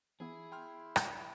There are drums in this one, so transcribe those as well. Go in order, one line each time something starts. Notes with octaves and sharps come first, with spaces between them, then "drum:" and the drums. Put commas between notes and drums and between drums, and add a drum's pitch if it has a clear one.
E3 B3 E4 G#4
G5 C6 F6
drum: rim click